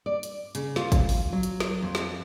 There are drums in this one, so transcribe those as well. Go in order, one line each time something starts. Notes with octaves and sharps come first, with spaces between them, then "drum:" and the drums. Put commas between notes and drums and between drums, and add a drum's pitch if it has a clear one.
D5
drum: hi-hat
C#3, drum: hi-hat
F4, drum: snare
drum: kick, hi-hat
drum: open hi-hat
F#3
drum: hi-hat
drum: snare
F2
drum: snare